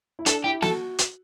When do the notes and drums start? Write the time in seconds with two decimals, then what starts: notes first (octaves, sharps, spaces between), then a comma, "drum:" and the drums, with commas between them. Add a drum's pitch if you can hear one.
0.19 E4
0.26 D4 A4, drum: hi-hat
0.44 E4 G4
0.62 F#4 A4, drum: snare
0.99 drum: hi-hat